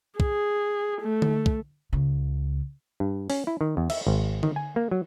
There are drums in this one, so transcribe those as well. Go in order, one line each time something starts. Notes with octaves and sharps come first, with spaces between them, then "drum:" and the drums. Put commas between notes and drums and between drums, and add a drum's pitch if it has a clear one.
G#4, drum: kick
A3
drum: tom D3
drum: kick
C#2 C#3
G2
C#4, drum: open hi-hat
E4
D#3
E2
E5, drum: cymbal
G#1
D#3, drum: tom D3
G#5
A#3
F#3